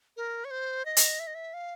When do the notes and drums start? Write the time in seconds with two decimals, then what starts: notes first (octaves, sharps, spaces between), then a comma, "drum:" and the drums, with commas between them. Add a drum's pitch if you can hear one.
0.17 A#4
0.45 C#5
0.51 C5
0.85 D#5
0.97 drum: hi-hat
1.20 E5
1.27 D#5
1.35 E5
1.54 F5